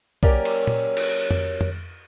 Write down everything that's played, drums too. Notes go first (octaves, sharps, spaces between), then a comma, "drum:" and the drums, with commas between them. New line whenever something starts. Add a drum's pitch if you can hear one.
F#3 A#3 C#4 G4 A#4 D5, drum: kick B1
drum: cymbal
drum: tom A#2
drum: cymbal
drum: tom F2
drum: tom F2